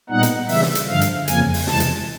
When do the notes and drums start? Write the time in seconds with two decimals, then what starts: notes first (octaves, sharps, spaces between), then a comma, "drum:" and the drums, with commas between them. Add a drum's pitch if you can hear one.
0.10 A#2 G3 B3 D#4 F#5
0.23 drum: hi-hat
0.49 C#3 E3 G3 E5, drum: open hi-hat
0.62 drum: snare
0.75 drum: hi-hat
0.88 G2 D3 F3 F5
1.01 drum: hi-hat
1.28 F2 C#3 F3 A#3 G#5, drum: hi-hat
1.54 drum: open hi-hat
1.67 E2 C3 E3 G#3 A5, drum: snare
1.80 drum: hi-hat